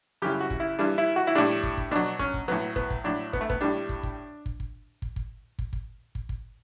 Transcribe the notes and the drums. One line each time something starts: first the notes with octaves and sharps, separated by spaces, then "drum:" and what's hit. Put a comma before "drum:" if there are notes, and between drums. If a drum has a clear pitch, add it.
F#2 C#3 E3 G3 G4
F#4
drum: kick
E4
G2 E3 G3 D4
E4
F#4
E4
A2 G3 D4
drum: kick
drum: kick
B2 F#3 D4
C#4, drum: kick
drum: kick
A2 F#3 B3
B3, drum: kick
drum: kick
A2 F#3 D4
B3, drum: kick
A3
B3, drum: kick
A2 G3 D4
drum: kick
drum: kick
drum: kick
drum: kick
drum: kick
drum: kick
drum: kick
drum: kick
drum: kick
drum: kick